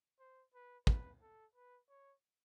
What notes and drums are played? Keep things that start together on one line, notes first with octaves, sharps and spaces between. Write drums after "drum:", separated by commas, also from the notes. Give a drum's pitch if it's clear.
C5
B4
B4, drum: kick
A4
B4
C#5